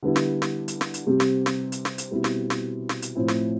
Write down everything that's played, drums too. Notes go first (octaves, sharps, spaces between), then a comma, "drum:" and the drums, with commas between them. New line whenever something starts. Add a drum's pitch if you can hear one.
D3 G3 B3 E4
drum: snare
drum: snare
drum: hi-hat
drum: snare
drum: hi-hat
C3 G3 C4
drum: snare
drum: snare
drum: hi-hat
drum: snare
drum: hi-hat
B2 G3 C4 E4
drum: snare
drum: snare
drum: snare
drum: hi-hat
A2 F3 C4 E4
drum: snare